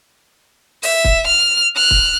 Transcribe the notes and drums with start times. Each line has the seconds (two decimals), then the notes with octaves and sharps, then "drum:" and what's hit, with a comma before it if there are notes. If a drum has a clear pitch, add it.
0.83 E5, drum: open hi-hat
1.04 drum: kick
1.27 F6
1.76 F6 F#6
1.91 drum: kick